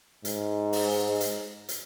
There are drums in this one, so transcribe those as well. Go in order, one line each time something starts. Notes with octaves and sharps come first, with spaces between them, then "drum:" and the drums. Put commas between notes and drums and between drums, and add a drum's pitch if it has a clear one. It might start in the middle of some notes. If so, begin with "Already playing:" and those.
G#2, drum: hi-hat
drum: open hi-hat
drum: hi-hat
drum: hi-hat